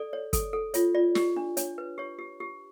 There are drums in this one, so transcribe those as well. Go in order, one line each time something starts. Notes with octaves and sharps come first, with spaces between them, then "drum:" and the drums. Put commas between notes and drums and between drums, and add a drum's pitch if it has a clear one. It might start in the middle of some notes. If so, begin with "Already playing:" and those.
Already playing: A4 D5
C#5
A4, drum: kick, hi-hat
A4
F4 C#5, drum: hi-hat
F4 D5
G4, drum: snare
D4
D4 C#5, drum: hi-hat
B4
G4 C#5
G4
G4